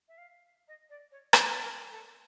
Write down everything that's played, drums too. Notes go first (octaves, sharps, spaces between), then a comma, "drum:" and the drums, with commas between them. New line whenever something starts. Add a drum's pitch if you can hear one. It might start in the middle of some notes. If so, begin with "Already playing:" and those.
E5
F5
D#5
D5
C#5
B4, drum: rim click
A#4
A4